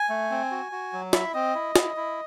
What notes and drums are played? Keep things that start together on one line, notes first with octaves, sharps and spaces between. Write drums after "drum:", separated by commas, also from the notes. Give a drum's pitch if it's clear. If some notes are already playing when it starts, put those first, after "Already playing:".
Already playing: G#5
A3
C4
F#4
F#4
F#3
E4 E5, drum: snare
C4 D#5
E4
E4, drum: snare
E4